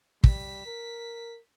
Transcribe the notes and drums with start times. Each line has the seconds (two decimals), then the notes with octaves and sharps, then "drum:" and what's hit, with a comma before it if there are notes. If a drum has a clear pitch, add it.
0.24 G3 B6, drum: kick
0.66 A#4